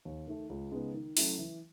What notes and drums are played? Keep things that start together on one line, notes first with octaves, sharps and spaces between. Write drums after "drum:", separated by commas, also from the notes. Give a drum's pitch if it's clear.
D#2
D#3 A3
C#2
C#3 G#3 B3 D#4
D#3
F#3 A3 C#4 E4, drum: open hi-hat
E3